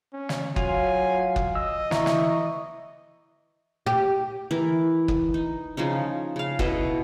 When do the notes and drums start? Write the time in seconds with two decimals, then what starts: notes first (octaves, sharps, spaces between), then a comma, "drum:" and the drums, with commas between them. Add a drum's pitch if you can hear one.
0.13 C#4
0.29 drum: snare
0.56 F#3 F4 G#5, drum: kick F#1
1.36 drum: kick F#1
1.55 D#5 E6
1.91 E3 E4 A#5 C#6, drum: snare
2.06 drum: snare
3.86 G4
4.51 E3 E4 A#4
5.08 drum: kick F#1
5.34 D#4
5.77 C#3 F3 C#4 D#4
6.36 C#3 F5
6.59 B2 E4 A4 D#5, drum: kick F#1